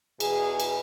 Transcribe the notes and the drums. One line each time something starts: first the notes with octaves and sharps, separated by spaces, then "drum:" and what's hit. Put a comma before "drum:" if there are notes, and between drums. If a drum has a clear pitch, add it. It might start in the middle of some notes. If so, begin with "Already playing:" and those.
E2 B2 G#4, drum: cymbal
drum: cymbal